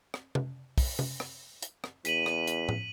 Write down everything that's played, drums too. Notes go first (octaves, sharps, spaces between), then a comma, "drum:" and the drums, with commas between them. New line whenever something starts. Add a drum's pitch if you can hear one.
drum: rim click
drum: tom C3
drum: kick, open hi-hat
drum: tom C3
drum: rim click
drum: hi-hat
drum: rim click
E2 B6 D#7 F#7, drum: hi-hat
drum: rim click
drum: hi-hat
drum: tom A2